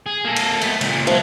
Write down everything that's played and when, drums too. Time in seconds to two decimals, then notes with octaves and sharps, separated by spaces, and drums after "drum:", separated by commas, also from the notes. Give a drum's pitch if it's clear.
0.06 G#4
0.25 A#3 A4
0.36 drum: cymbal
0.61 A3 B3, drum: cymbal
0.81 C#2 A#2, drum: cymbal
1.07 D3 F3 F#3